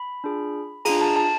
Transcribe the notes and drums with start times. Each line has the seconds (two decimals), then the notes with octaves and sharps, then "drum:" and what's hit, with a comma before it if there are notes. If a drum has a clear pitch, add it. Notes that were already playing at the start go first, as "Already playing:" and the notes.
Already playing: B5
0.24 D4 F4 G#4
0.85 D4 F4 G#4 A#5, drum: cymbal
1.01 A5
1.16 A5